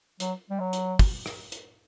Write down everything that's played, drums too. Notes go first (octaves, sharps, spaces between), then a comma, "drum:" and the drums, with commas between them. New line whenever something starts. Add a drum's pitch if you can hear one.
F#3, drum: hi-hat
G3
F#3
drum: hi-hat
drum: kick, open hi-hat
drum: rim click
drum: hi-hat